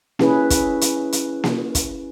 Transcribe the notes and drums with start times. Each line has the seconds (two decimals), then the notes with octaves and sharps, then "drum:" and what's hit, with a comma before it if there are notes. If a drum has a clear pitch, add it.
0.19 C#4 E4 G#4 B4, drum: snare A#3
0.50 drum: kick, hi-hat
0.81 drum: hi-hat
1.12 drum: hi-hat
1.44 drum: snare A#3
1.75 drum: kick, hi-hat